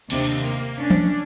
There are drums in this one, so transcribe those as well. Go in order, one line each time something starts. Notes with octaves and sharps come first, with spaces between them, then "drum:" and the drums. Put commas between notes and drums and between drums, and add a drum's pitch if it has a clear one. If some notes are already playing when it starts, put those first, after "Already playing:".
D#2 C3 D4, drum: cymbal
A#3
C#4 D4
drum: tom E3